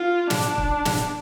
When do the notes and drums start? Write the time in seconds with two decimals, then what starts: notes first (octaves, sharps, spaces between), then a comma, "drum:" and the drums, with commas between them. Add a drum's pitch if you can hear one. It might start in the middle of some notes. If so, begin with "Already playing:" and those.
Already playing: F4
0.30 D4, drum: snare
0.58 drum: kick
0.85 drum: snare